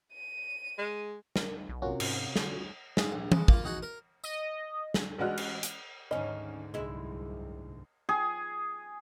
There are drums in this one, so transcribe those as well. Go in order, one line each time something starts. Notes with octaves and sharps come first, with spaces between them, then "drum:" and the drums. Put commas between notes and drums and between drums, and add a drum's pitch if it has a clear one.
D#7
G#3
A#4, drum: snare
B1
C3 C#4 F4 F#4 A#4
G#2, drum: cymbal
D3, drum: snare
G#2 G#3, drum: snare
A#1
G#3, drum: tom
A#3 F4, drum: kick
D#4 F#4 G#4
A#4
D#5, drum: tambourine
drum: snare
A1 G#3 D4 F#4 F6 F#6
drum: cymbal
drum: hi-hat
D2 G#2 D#3 C#4 D#5
C2 F#2 C3 G#3 E4
G#4